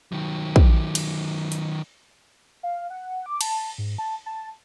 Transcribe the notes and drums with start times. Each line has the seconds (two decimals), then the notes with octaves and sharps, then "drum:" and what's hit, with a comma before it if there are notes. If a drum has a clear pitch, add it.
0.12 D#3 F#3
0.56 drum: kick
0.95 drum: cymbal
1.52 drum: hi-hat
2.63 F5
2.90 F#5
3.26 D6
3.41 A5, drum: cymbal
3.78 G#2
3.98 A5
4.26 A5